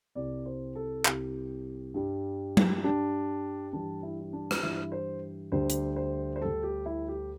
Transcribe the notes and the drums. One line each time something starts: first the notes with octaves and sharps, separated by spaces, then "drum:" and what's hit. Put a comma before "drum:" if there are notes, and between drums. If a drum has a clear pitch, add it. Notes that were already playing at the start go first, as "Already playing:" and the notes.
C2 C3 G3 D5
C5
A4
C2 C3 G3 G4, drum: clap
G2 G3
drum: tom F#3
G2 G3 D4
G2 E3 G3 D4
E4
E4
D4
drum: rim click
G2 E3 G3 E4
C5
D2 D3 G3 C5
drum: hi-hat
C5
C5
D2 D3 G3 A4
G4
E4
G4